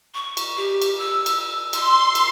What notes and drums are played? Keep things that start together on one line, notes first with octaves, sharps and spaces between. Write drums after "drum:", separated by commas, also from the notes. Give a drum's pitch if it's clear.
C#6
drum: cymbal
G4
drum: cymbal
E6
drum: cymbal
C6 E6, drum: cymbal
drum: cymbal